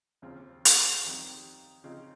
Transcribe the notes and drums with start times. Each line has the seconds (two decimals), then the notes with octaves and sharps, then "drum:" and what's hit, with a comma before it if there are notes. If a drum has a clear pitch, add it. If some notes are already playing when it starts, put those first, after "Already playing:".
0.22 D#2 C#3 F3 C4 F4
0.65 drum: hi-hat
1.04 F2 D#3 G3
1.84 C#3 F3 C4 D#4